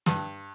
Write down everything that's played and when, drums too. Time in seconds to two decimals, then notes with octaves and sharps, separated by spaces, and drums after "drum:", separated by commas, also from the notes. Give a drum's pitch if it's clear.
0.06 G2, drum: snare